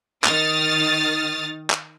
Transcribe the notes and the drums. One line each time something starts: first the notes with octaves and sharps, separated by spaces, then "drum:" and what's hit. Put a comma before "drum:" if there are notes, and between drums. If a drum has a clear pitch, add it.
D#3 D#6 F6 A6, drum: clap
drum: clap